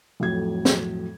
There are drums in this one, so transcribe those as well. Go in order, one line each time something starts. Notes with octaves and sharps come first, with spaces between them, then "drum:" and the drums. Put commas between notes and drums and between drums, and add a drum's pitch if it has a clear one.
F2 A2 F#3 G#6
drum: snare